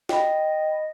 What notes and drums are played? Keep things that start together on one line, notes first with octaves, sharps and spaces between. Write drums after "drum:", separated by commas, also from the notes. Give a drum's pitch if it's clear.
D#5 G5 B5, drum: snare